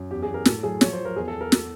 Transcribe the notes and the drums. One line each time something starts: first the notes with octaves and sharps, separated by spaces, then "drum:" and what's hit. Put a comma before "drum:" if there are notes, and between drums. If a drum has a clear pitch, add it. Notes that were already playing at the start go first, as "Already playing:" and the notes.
Already playing: F#2
E2 G4
G#4
E2
A#4
A2 A4, drum: snare
F#3 G#4
F3 C#5, drum: snare
C5
F3
A#4
E2 G#4
A4
E2
A#4
A4, drum: snare